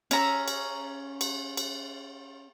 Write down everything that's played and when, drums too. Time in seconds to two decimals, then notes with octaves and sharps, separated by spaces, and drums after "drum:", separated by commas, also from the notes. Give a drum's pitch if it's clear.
0.11 C#4 A#5 E6, drum: cymbal
0.48 drum: cymbal
1.21 drum: cymbal
1.57 drum: cymbal